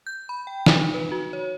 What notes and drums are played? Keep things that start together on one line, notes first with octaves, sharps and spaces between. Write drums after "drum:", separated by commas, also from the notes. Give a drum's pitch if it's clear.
G6
B5
G5
D#4, drum: snare
B4
F#4
C#5